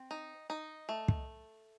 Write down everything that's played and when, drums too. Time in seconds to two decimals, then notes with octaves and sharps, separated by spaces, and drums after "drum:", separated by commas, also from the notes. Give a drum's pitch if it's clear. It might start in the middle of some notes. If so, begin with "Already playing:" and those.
Already playing: C4
0.11 D#4
0.50 D#4
0.89 A3
1.08 drum: kick